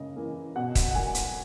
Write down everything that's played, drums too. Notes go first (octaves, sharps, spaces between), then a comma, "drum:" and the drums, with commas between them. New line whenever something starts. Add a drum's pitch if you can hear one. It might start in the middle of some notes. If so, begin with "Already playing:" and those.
Already playing: C#3 A#3 D#5
E3 A#3
B2 F#5
drum: kick, hi-hat
F#5
F#3 A#3 G#5
drum: hi-hat